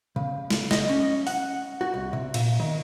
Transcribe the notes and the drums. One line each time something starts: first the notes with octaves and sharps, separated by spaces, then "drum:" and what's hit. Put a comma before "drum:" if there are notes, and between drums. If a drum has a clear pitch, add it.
C#3
drum: snare
D#5, drum: snare
C#4
F#5, drum: open hi-hat
F#4
C2
C3
A#2, drum: cymbal
D#3